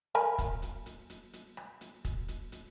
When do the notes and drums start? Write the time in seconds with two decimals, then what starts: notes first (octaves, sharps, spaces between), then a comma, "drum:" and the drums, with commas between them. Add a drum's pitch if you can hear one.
0.15 A#4 G#5 B5, drum: rim click
0.38 drum: kick, hi-hat
0.62 drum: hi-hat
0.86 drum: hi-hat
1.10 drum: hi-hat
1.33 drum: hi-hat
1.57 drum: rim click
1.81 drum: hi-hat
2.05 drum: kick, hi-hat
2.28 drum: hi-hat
2.52 drum: hi-hat